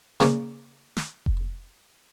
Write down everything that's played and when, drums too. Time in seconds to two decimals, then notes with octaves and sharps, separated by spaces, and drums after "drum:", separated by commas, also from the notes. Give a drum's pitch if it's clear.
0.20 C#3 A#3 C#4 D5, drum: snare
0.97 drum: snare
1.26 drum: kick F1